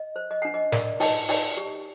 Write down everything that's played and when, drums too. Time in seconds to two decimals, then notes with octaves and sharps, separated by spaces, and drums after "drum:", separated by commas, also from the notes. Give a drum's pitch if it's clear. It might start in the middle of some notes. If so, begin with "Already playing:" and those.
Already playing: D#5
0.16 C5
0.31 D#5
0.42 D4 F#5
0.54 D#5
0.72 A#4 D5, drum: snare
1.00 D#4 D#5, drum: open hi-hat
1.28 D#4 D5, drum: open hi-hat
1.57 G4